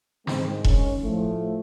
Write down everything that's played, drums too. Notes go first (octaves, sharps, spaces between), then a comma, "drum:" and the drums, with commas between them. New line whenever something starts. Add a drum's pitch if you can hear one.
G#2 D#3 G#3 C4, drum: snare
C#4, drum: kick E1
A2 F3 A3